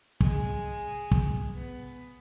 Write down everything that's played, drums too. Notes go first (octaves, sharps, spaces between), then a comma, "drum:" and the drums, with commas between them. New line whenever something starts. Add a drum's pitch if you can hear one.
G#3, drum: kick
drum: kick
B3